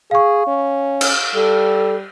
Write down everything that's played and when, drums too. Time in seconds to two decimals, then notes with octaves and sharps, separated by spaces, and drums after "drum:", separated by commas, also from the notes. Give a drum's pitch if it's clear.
0.11 G#4 F5 C#6
0.47 C#4
1.01 drum: cymbal
1.34 G3 A4